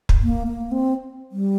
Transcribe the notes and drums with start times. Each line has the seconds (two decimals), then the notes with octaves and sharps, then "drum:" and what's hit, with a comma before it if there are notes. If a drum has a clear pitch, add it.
0.09 drum: kick
0.23 A#3
0.47 A#3
0.72 C4
1.32 G3